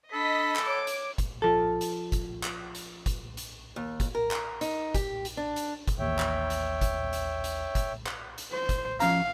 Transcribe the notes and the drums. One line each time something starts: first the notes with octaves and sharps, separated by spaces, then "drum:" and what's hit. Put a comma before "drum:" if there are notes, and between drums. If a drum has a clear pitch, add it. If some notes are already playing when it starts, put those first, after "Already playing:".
D4 A4 D#5 B5 B6
drum: clap
C#5 D6
drum: hi-hat
drum: kick F#1, hi-hat
F3 A4
drum: hi-hat
drum: kick F#1, hi-hat
drum: clap
drum: hi-hat
drum: kick F#1, hi-hat
drum: hi-hat
D#2
drum: kick F#1, hi-hat
A#4
drum: clap
D#4, drum: hi-hat
G4, drum: kick F#1, hi-hat
drum: hi-hat
D4
drum: hi-hat
drum: kick F#1, hi-hat
A1 D#2 C#5 E5 G5
drum: clap
drum: hi-hat
drum: kick F#1, hi-hat
drum: hi-hat
drum: hi-hat
drum: kick F#1, hi-hat
drum: clap
drum: hi-hat
C5
drum: kick F#1, hi-hat
F3 C#4 F5 A#5, drum: hi-hat